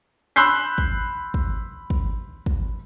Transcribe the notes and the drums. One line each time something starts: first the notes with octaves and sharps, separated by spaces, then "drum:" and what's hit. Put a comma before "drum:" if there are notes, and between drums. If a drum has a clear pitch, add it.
B5 C6 E6 F#6 G6 C7
drum: kick
drum: kick
drum: kick
drum: kick